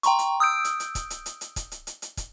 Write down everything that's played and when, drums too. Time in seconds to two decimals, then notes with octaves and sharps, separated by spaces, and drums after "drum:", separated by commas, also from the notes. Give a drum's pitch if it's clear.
0.03 G5 A#5 C6 C#6, drum: hi-hat
0.19 drum: hi-hat
0.40 D#6 E6 G6 D7
0.64 drum: hi-hat
0.80 drum: hi-hat
0.95 drum: kick, hi-hat
1.10 drum: hi-hat
1.26 drum: hi-hat
1.41 drum: hi-hat
1.56 drum: kick, hi-hat
1.72 drum: hi-hat
1.87 drum: hi-hat
2.02 drum: hi-hat
2.17 drum: kick, hi-hat